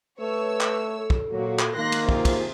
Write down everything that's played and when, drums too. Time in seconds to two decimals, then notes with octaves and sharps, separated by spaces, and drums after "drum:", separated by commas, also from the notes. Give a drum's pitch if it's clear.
0.20 A3 B4 C#5 E6
0.61 drum: clap
0.98 A4
1.10 drum: kick
1.31 A#2 F#3 A#3 F#4
1.59 drum: clap
1.76 D#3 A#3 C6 F#6 A#6
1.92 drum: cymbal
2.09 C3 F4 G#4, drum: kick
2.25 drum: kick, cymbal